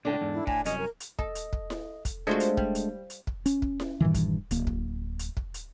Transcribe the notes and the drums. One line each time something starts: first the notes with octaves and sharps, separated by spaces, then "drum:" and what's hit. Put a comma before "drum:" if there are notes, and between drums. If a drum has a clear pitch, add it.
C#2 A2 C3 D4 A4 G5
E2 G#2
E4
A2 G#5, drum: kick
C2 F#2 C#4 D#5, drum: hi-hat
A#4
drum: hi-hat
A4 D#5, drum: kick
drum: hi-hat
drum: kick
drum: snare E4
drum: kick, hi-hat
G#3 A3 C4 D4 F4 F#4
drum: hi-hat
G3, drum: kick
drum: hi-hat
drum: hi-hat
drum: kick
C#4, drum: hi-hat
drum: kick
drum: snare E4
G2 A#2 D#3 E3
drum: kick, hi-hat
D1 A#3, drum: hi-hat
drum: kick
drum: hi-hat
drum: kick
drum: hi-hat